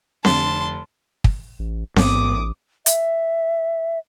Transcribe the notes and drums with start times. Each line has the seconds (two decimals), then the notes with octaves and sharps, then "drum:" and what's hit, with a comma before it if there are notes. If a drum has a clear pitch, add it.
0.25 F1 D3 A5 C6, drum: snare C4
1.24 drum: kick
1.59 A1
1.96 A1 G#2 B3 D6 D#6, drum: snare C4
2.86 E5, drum: hi-hat